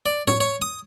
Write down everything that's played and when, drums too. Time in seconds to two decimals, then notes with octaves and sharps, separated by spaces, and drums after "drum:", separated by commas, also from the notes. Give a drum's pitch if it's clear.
0.06 D5
0.28 C#5, drum: tom A2
0.40 C#5
0.62 D#6